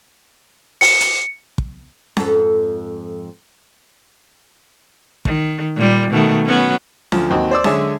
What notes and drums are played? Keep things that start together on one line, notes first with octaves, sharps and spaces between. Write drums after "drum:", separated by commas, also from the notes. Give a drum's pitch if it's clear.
C#7, drum: open hi-hat
drum: hi-hat
drum: kick
F2 G#2 A4, drum: snare C#4
D#3, drum: kick
A#2 G3
B2 D#3 A3
F#3 B3 C#4
D2 F3, drum: snare C#4
D#2 C4 F#4 D#5
C5 D5 E6
D3 G#3 G#4 C#5 E5 A5, drum: snare C#4